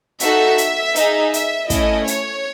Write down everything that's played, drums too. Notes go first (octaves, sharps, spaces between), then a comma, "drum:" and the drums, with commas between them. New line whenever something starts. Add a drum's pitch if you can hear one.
D#4 F#4 A4 E5, drum: hi-hat
drum: hi-hat
D#4 G#4, drum: hi-hat
E5, drum: hi-hat
A3 C#4 E4 D#5, drum: kick, hi-hat
C#5, drum: hi-hat